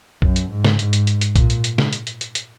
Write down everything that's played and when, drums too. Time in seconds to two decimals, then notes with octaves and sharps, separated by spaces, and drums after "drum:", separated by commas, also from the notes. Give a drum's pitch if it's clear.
0.22 F#2, drum: kick B1
0.36 drum: hi-hat
0.50 G#2
0.65 drum: snare
0.79 G#2, drum: hi-hat
0.93 drum: hi-hat
1.07 drum: hi-hat
1.21 drum: hi-hat
1.36 A#2, drum: kick B1, hi-hat
1.50 drum: hi-hat
1.64 drum: hi-hat
1.78 drum: snare
1.93 drum: hi-hat
2.07 drum: hi-hat
2.21 drum: hi-hat
2.35 drum: hi-hat